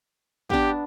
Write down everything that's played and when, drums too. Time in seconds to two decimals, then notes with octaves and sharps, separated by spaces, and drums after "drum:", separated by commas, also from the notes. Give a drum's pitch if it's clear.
0.50 B3 D4 G4, drum: kick